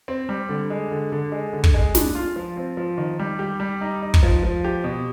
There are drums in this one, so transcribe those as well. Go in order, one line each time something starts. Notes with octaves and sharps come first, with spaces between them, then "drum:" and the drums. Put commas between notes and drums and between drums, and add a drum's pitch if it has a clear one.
C4
G3
D3
G#3
D3
D3
G#3
D3
drum: kick
G#3
D4, drum: snare
F4
F3
C4
F3
D#3
G3
G4
G3
D#4
D#4
drum: kick
F3
F3
G4
B2